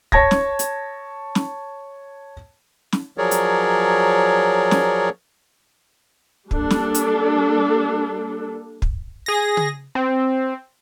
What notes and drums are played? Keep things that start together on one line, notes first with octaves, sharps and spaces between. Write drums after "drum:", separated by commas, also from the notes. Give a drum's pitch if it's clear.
C#5 A5 G#6 A#6, drum: kick
drum: snare
drum: hi-hat
drum: snare
drum: snare
F3 F#3 G#4 A#4 C#5 D5
drum: hi-hat
drum: snare
G3 A#3 D4 A4, drum: kick
drum: snare
drum: hi-hat
drum: kick
G#4 A#6
drum: tom
C4